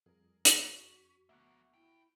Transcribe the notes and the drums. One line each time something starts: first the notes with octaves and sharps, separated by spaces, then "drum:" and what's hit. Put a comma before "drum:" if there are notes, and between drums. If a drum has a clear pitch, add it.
F2 G3 G#4 A#4
C#4 F#4, drum: hi-hat
D2 B2 F3 A#3 E5 C#6 F#6
D#2 E4 G5